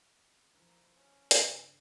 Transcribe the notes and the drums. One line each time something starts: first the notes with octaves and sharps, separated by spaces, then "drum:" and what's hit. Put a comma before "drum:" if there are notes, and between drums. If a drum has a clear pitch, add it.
F3 E4 A#4
C#4
G2 C#3, drum: hi-hat